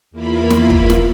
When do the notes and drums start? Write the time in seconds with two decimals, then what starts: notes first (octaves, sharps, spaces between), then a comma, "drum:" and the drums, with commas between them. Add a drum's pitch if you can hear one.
0.11 E2 A#3 E4 F4 B5
0.50 drum: snare
0.70 drum: kick
0.90 drum: snare